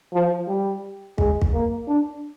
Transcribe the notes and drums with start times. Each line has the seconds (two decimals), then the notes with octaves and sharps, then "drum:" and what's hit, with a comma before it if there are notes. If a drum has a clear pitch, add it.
0.14 F3
0.48 G3
1.18 G#3, drum: kick
1.42 drum: kick
1.54 A#3
1.88 D4